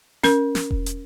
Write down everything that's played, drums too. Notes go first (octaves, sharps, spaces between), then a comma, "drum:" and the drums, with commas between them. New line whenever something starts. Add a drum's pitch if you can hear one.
C#4 A#4, drum: snare
drum: snare
drum: kick E1
drum: hi-hat